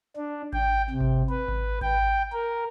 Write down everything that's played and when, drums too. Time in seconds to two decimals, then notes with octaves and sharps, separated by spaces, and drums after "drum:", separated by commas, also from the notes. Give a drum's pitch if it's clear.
0.16 D4
0.53 G5, drum: kick G#1
0.90 C3
1.01 drum: kick G#1
1.30 B4
1.48 drum: kick G#1
1.81 G5, drum: kick G#1
2.33 A#4